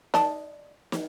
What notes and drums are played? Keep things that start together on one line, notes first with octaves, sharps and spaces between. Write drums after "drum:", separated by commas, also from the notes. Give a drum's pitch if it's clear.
D5 D#5 A5, drum: snare
drum: snare